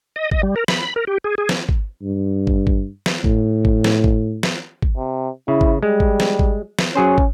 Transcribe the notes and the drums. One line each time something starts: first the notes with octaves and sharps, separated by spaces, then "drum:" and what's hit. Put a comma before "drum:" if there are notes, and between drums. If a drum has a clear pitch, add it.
D#5
D#5, drum: kick
G3
A#4
B5, drum: snare
A#4
G4
G#4
G#4
drum: snare
drum: kick
G2
drum: kick
drum: kick
drum: snare
A2, drum: kick
drum: kick
drum: snare
drum: kick
drum: snare
drum: kick
C3
C#3 E4
drum: kick
G3 G#3
drum: kick
drum: snare
drum: kick
drum: snare
F#3 C#4 G#4 C5
drum: kick